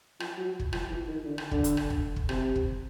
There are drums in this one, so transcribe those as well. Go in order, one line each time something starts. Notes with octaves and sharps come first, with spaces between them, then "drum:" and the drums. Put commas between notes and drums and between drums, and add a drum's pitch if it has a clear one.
F3, drum: rim click
F#3
drum: kick
F3, drum: rim click
E3
D#3
D3
drum: rim click
D3, drum: kick
drum: hi-hat
drum: rim click
drum: kick
drum: kick
C3, drum: rim click
drum: kick